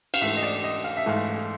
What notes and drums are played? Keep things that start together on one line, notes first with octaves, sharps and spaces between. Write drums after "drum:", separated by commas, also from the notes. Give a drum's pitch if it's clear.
F5, drum: cymbal
G#2 E3 A3 E5
D#5
D5
D#5
F5
E5
G#2 E3 A3 F5